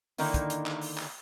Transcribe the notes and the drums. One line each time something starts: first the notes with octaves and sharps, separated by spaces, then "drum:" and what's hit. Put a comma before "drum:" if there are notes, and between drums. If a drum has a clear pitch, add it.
D3 D#3 A#3 D#4 E4, drum: open hi-hat
drum: kick, hi-hat
drum: hi-hat
drum: clap
drum: open hi-hat
drum: clap